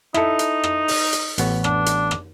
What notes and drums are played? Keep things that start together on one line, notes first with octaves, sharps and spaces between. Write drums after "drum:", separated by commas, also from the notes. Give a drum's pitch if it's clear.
D#4 E4 A4, drum: rim click
drum: hi-hat
drum: rim click
drum: open hi-hat
drum: hi-hat
A1 B3 C#5, drum: hi-hat
D4, drum: rim click
drum: hi-hat
drum: rim click